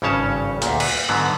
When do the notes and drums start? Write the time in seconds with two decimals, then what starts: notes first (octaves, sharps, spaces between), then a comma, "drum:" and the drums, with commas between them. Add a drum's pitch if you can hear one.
0.02 G#1 G2 C#3 C#4 C#5 A5
0.62 D2 A#2, drum: hi-hat
0.80 B4, drum: cymbal
1.09 G#2 D3 F#3 B3